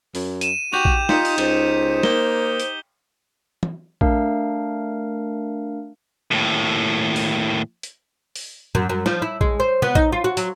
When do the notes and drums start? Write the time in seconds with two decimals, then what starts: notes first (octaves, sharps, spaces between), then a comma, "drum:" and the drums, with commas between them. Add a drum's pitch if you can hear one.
0.15 F#2, drum: open hi-hat
0.41 D#7 E7, drum: hi-hat
0.73 F#4 G4 G6 D#7 F7
0.85 drum: kick A#1
1.09 D#4 F4 D#5 G6 B6 C#7, drum: snare
1.25 drum: open hi-hat
1.38 C#2 C5, drum: cymbal
2.03 A#3 G7, drum: snare
2.60 drum: hi-hat
3.63 drum: tom
4.01 A3 D4 A#4 F5, drum: kick A#1
6.31 D#2 A2
7.16 drum: open hi-hat
7.83 drum: hi-hat
8.36 drum: open hi-hat
8.75 F#2, drum: tom
8.89 F#2
9.06 F3, drum: snare
9.22 E4
9.41 G#3, drum: kick A#1
9.60 C5
9.82 B3, drum: tom
9.95 D#4, drum: kick A#1
10.12 F4
10.24 F#4
10.37 F#3, drum: hi-hat